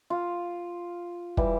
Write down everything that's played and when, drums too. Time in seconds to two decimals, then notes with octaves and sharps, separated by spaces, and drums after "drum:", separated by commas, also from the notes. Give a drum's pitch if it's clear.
0.10 F4
1.37 E3 G3, drum: kick